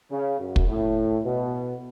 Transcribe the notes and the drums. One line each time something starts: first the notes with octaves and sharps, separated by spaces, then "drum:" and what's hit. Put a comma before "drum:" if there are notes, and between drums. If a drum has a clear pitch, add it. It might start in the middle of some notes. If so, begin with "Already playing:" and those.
C#3
F#2
drum: kick
A2
B2